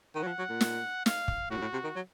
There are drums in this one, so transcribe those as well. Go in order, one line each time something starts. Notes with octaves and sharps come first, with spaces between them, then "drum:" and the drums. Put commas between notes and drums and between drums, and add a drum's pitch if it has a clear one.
D#3 F#5
F#3
F3
F#3
A#2
drum: snare
F5, drum: snare
drum: kick
A2 F#4
F#2
A2
C3
D#3
F#3